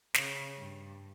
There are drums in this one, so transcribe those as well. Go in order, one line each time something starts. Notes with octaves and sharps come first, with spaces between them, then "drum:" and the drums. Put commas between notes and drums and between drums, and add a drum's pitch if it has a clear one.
C#3, drum: snare
G2